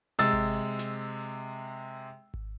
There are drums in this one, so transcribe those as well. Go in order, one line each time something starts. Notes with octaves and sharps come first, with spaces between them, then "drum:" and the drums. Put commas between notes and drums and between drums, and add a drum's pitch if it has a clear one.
C3 G#3 E6 A6, drum: snare
drum: kick G#1
drum: snare
drum: kick G#1